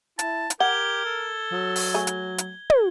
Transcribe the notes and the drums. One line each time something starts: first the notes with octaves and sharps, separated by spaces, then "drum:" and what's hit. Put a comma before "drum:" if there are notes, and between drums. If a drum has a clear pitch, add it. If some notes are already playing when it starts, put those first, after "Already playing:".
E4 A5, drum: hi-hat
drum: hi-hat
G4 A#4 F#5 G#6 G7
A4
F#3
drum: open hi-hat
A3 G#4
drum: hi-hat
drum: hi-hat
drum: tom